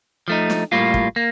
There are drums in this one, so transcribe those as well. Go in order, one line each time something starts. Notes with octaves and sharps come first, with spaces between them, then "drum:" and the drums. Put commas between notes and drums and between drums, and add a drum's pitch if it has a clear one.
F3 A3 D#4
drum: snare
A2 G3 A#3 F4
drum: kick
A#3